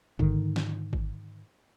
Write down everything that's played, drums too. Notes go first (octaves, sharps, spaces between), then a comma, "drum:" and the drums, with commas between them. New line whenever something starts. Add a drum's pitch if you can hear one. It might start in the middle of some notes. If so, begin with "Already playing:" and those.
G#2 D3 D#3, drum: kick G#1
drum: snare
drum: kick G#1